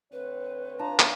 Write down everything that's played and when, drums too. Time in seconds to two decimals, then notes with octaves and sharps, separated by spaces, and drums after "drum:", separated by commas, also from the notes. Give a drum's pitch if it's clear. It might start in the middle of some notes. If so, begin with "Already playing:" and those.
0.12 D2 C4 B4 C#5
0.79 D4 F4 A5 A#5
1.00 drum: clap